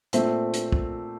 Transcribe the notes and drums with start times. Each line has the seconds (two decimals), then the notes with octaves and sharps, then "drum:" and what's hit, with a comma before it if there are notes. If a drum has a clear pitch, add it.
0.13 A#2 A3 C4, drum: hi-hat
0.54 drum: hi-hat
0.72 drum: kick